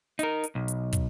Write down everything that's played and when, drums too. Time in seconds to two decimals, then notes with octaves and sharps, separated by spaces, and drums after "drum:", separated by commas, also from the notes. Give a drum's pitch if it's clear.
0.19 D#4 A#4, drum: hi-hat
0.44 drum: hi-hat
0.55 B1
0.68 drum: hi-hat
0.93 drum: kick, hi-hat